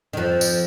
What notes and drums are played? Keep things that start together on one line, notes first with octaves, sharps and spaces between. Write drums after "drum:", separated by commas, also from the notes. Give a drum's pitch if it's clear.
D#3
F2 F3
drum: tambourine